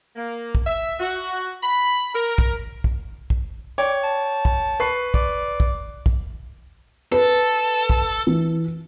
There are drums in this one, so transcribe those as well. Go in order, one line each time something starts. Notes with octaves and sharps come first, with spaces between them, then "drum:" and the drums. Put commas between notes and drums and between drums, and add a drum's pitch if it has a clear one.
A#3
drum: kick
E5
F#4
B5
A#4
drum: kick
drum: kick
drum: kick
C#5 D5 G5
A5
drum: kick
B4 C#6 C7
D5, drum: kick
drum: kick
drum: kick
A4 B4
drum: kick
E3